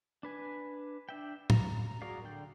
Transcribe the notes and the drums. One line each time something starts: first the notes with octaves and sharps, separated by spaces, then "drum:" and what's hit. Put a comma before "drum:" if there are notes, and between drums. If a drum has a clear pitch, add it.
D4 B4 G#5
D4 E5 G5
A#5, drum: tom
F#4 G#4 A#4 D5 F5
D3 D5 G5 G6